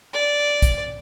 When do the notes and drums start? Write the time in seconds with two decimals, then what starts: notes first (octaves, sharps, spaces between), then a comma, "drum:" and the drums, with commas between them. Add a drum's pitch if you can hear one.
0.13 D5
0.62 drum: kick, hi-hat